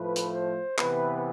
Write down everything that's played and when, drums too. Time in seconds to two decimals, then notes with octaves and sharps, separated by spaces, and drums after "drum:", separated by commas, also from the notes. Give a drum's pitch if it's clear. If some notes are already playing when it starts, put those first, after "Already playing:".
Already playing: A2 F3 A3 B4
0.16 drum: hi-hat
0.33 C5
0.78 C3 E3 B3 B4, drum: clap